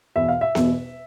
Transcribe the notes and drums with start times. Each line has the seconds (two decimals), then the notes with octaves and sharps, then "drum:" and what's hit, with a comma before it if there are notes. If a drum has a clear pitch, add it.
0.16 E2 B2 E5
0.28 F5
0.41 E5
0.55 E2 B2, drum: snare B3